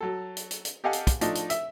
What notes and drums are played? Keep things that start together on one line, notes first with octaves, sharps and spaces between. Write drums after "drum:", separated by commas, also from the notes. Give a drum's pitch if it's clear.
F#3 A4
drum: hi-hat
drum: hi-hat
drum: hi-hat
G4 A4 D#5 F5 F#5 G#5
drum: hi-hat
drum: kick, hi-hat
F3 A3 D4 D#4, drum: hi-hat
drum: hi-hat
E5, drum: hi-hat